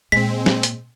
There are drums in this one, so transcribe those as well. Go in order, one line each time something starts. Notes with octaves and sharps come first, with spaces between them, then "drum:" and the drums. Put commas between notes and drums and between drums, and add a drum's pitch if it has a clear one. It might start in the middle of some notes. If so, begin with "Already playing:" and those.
A#2 G#3 C4 B6
drum: snare
drum: hi-hat